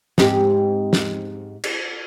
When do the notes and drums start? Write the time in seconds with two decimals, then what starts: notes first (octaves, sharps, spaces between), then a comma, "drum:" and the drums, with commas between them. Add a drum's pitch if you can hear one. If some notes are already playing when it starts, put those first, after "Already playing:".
0.18 G#2 C4 G4, drum: snare
0.93 drum: snare
1.64 drum: cymbal